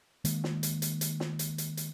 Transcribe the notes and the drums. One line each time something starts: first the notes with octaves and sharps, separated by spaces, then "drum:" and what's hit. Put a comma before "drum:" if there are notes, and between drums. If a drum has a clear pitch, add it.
D#3 G#3 A#3, drum: hi-hat
drum: snare
drum: hi-hat
drum: hi-hat
drum: hi-hat
drum: snare
drum: hi-hat
drum: hi-hat
drum: hi-hat